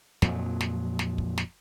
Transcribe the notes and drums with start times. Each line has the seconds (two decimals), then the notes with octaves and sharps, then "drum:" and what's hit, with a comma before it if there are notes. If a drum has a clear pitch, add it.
0.22 F2 A#2 F3 F#3, drum: snare
0.61 drum: snare
0.99 drum: snare
1.18 drum: kick
1.38 drum: snare